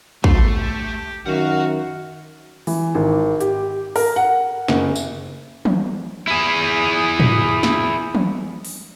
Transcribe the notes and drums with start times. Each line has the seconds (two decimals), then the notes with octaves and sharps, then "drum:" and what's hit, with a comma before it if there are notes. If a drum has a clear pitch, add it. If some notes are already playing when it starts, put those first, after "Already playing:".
0.24 A3 C6, drum: kick
0.57 G4
1.26 F#2 D#3 F#4 F5 F#5
2.67 E3, drum: open hi-hat
2.95 G#1
3.41 G4, drum: hi-hat
3.96 A#4, drum: open hi-hat
4.16 F#5
4.68 F#1, drum: snare
4.96 drum: tambourine
5.65 drum: tom
6.27 E4 G#4
7.20 drum: tom
7.63 drum: snare
8.15 drum: tom
8.65 drum: open hi-hat